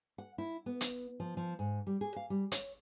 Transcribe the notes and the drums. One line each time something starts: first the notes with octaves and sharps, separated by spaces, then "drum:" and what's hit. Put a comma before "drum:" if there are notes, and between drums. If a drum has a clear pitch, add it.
F#5
E4
B3
drum: hi-hat
F3
F3
G#2
G3
G#4
F5
G3
C#5, drum: hi-hat